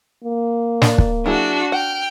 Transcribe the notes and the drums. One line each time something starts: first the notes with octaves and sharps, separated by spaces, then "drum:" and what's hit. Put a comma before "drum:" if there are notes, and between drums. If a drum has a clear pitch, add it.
A#3
D4, drum: snare
drum: kick
F#3 D4 E4 F#4 G#4
F#5 G5 F6